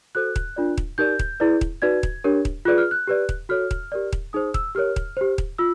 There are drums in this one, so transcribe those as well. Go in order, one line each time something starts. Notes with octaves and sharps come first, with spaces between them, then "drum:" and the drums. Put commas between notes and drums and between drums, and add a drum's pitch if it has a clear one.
F#4 A4 C5 F#6
drum: kick D#1
D4 F4 A#4 D5
drum: kick D#1
D#4 G4 A#4 D5 G6
drum: kick D#1
E4 G#4 B4 D5
drum: kick D#1
D#4 F#4 B4 D5 G#6
drum: kick D#1
D4 G4 A#4 C#5
drum: kick D#1
F4 G#4 B4 D5 F#6
F6
F#6
G4 B4 D5
drum: kick D#1
F#4 A4 C#5 F6
drum: kick D#1
G4 A#4 D5
drum: kick D#1
D#4 G#4 C5 D#6
E6, drum: kick D#1
G4 A#4 C#5 F6
drum: kick D#1
G4 C5
drum: kick D#1
F4 E6